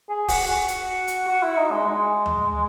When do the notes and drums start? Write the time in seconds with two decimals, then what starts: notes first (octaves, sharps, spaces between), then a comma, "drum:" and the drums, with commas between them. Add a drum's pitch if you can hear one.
0.09 G#4
0.28 F#4, drum: kick, open hi-hat
0.48 F#4
0.68 drum: hi-hat
1.07 drum: hi-hat
1.28 F#4
1.43 E4
1.57 D#4
1.71 G#3
1.87 G#3
2.26 drum: tom D2